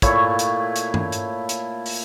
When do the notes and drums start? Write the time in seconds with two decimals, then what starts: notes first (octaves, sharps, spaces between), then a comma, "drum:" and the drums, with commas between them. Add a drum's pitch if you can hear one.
0.02 A#2 A3 E4 C#5, drum: kick, hi-hat
0.39 drum: hi-hat
0.76 drum: hi-hat
0.94 drum: tom G2
1.12 drum: hi-hat
1.49 drum: hi-hat
1.86 drum: open hi-hat